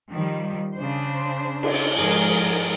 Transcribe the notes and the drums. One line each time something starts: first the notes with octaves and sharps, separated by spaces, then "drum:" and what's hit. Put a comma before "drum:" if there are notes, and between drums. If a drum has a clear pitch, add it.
D#3 F3 G3
C#3 D4 C5
drum: cymbal
G#2 F3 G#4 A#4